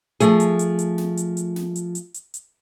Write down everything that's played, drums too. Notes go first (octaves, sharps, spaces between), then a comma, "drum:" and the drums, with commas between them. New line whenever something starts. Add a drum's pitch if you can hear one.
F3 A3 G#4, drum: hi-hat
drum: hi-hat
drum: hi-hat
drum: hi-hat
drum: snare
drum: hi-hat
drum: hi-hat
drum: snare
drum: hi-hat
drum: hi-hat
drum: hi-hat
drum: hi-hat